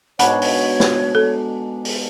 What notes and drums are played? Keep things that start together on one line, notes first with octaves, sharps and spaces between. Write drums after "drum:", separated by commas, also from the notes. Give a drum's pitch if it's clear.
G#2 B2 D4 C#5 F#5 B5, drum: hi-hat
drum: open hi-hat
drum: snare
A4
drum: open hi-hat